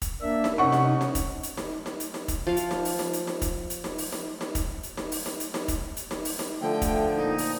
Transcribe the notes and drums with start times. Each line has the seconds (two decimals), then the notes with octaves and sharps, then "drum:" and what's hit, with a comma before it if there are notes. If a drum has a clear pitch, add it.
0.02 drum: kick, hi-hat
0.22 A#3 D4 E5
0.44 drum: snare D#4
0.58 C3 C#4 D#4 F#5 C#6
0.72 drum: snare D#4
1.01 drum: snare D#4
1.15 drum: kick, hi-hat
1.43 drum: hi-hat
1.57 drum: snare D#4
1.86 drum: snare D#4
2.00 drum: hi-hat
2.14 drum: snare D#4
2.28 drum: kick, hi-hat
2.47 F3 F5
2.57 drum: hi-hat
2.71 drum: snare D#4
2.85 drum: open hi-hat
2.99 drum: snare D#4
3.13 drum: hi-hat
3.27 drum: snare D#4
3.42 drum: kick, hi-hat
3.70 drum: hi-hat
3.84 drum: snare D#4
3.98 drum: open hi-hat
4.12 drum: snare D#4
4.41 drum: snare D#4
4.55 drum: kick, hi-hat
4.83 drum: hi-hat
4.97 drum: snare D#4
5.12 drum: open hi-hat
5.26 drum: snare D#4
5.40 drum: hi-hat
5.54 drum: snare D#4
5.68 drum: kick, hi-hat
5.97 drum: hi-hat
6.11 drum: snare D#4
6.25 drum: open hi-hat
6.39 drum: snare D#4
6.61 D3 F3 A3 G5
6.82 drum: kick, hi-hat
7.16 A#2 D#4
7.38 drum: open hi-hat